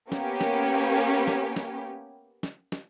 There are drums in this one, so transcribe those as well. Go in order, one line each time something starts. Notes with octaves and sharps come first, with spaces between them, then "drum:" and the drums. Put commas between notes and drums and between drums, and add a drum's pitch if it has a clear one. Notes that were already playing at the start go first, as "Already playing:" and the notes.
A#3 B3 C#4 G4, drum: snare
drum: snare
drum: snare
drum: snare
drum: snare
drum: snare